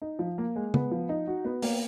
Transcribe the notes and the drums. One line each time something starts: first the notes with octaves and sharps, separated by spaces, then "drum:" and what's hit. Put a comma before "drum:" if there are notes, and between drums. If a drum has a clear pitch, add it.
D#4
F3
A#3
G#3
B3, drum: tom C#3
F3
D#4
F#4
B3
A#3, drum: open hi-hat